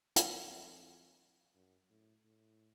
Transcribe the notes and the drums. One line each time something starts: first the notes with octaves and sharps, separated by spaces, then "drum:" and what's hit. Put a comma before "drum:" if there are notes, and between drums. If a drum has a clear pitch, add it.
F2, drum: hi-hat
F#2
A2
A2